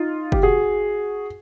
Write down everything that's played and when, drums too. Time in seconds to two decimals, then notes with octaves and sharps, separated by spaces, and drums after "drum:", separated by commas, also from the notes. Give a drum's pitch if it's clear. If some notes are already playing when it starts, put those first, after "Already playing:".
Already playing: D#4 F4
0.32 G4, drum: kick F#1
0.43 F#4 G#4